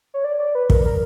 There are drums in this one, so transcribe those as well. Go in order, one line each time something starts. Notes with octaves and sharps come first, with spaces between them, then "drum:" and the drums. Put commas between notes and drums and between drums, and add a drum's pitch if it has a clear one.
C#5
D5
D5
B4
A#4, drum: kick
A#4